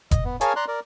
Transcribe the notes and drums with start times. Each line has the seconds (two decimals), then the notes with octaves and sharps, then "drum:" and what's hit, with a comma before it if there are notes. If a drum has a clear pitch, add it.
0.11 D#5, drum: kick F1, hi-hat
0.25 B3
0.41 G#4 A#4 C#5 F5 G#5 A5, drum: hi-hat
0.56 D5 A#5 C6 F#6
0.68 A#4 D5